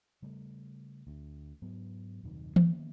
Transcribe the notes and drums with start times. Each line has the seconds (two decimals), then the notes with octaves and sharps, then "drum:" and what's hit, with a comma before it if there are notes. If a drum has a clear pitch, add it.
0.22 C#3 G3 A3
1.07 D2
1.62 G#2 F#3 B3
2.23 D#1 F#2 C3 D#3
2.56 D#3 A#3 B3 C#4, drum: tom E3